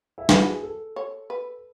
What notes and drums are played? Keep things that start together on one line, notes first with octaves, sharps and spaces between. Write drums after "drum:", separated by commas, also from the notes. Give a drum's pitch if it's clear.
E4
F#4 B4, drum: snare
G#4
A4
C#5
B4